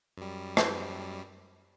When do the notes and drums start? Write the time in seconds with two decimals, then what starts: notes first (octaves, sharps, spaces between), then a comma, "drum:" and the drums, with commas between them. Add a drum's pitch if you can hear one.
0.18 F#2 G3
0.57 drum: rim click